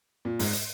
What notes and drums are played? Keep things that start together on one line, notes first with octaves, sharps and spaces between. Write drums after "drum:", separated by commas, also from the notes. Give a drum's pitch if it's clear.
A#2
G#2, drum: open hi-hat
drum: hi-hat